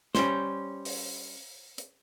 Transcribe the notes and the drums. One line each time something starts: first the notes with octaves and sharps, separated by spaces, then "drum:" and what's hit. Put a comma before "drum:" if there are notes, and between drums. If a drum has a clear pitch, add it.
G3 C#4 C5, drum: snare
drum: open hi-hat
drum: hi-hat